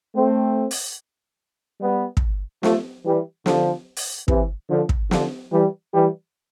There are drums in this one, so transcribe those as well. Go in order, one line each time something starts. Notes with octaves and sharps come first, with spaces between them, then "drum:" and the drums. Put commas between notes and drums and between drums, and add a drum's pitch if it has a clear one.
A3 C4
drum: open hi-hat
G3 B3
drum: kick
F3 A3, drum: snare
E3 G3
D3 F3, drum: snare
drum: open hi-hat
C3 E3, drum: kick
D3 F3
drum: kick
D3 F3, drum: snare
E3 G3
E3 G3